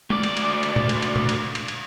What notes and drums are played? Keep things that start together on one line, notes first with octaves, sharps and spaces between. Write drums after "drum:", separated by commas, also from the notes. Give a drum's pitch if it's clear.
D2 D5, drum: tom
drum: cymbal
drum: cymbal
drum: cymbal
drum: tom
drum: cymbal
drum: cymbal
drum: tom
drum: cymbal
drum: cymbal
drum: cymbal